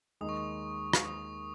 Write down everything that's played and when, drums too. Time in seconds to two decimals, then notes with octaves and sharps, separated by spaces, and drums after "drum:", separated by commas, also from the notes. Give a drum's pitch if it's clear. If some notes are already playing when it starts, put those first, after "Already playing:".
0.21 D#2 D#3 G#3 D#4 D#6
0.29 C#6
0.37 D#6
0.93 C#6, drum: rim click
1.05 D#6